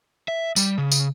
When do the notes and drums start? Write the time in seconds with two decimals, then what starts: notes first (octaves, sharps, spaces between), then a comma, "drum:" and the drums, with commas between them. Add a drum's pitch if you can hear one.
0.28 E5
0.56 G3, drum: tambourine
0.78 C#3
0.92 drum: tambourine